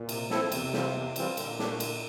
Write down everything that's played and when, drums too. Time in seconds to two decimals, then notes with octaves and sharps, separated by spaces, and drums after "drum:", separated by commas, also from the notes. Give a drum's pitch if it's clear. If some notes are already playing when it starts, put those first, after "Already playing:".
Already playing: A#2
0.09 C3, drum: cymbal
0.30 F3 C4 E4 A4, drum: snare
0.52 E2 C3, drum: cymbal
0.73 E3 G3 C4 F4, drum: snare
0.95 E2
1.16 E3 G3 C4 F4, drum: cymbal
1.37 A#2 D3, drum: cymbal
1.59 A3 D4 G4, drum: snare
1.80 D3, drum: cymbal